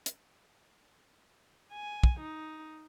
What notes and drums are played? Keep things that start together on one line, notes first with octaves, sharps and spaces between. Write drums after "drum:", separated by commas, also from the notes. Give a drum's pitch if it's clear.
drum: hi-hat
G#5
drum: kick
D#4